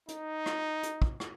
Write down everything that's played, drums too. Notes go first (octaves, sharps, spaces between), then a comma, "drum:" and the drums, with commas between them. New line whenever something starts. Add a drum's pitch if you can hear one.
D#4, drum: hi-hat
drum: rim click
drum: hi-hat
drum: kick
drum: rim click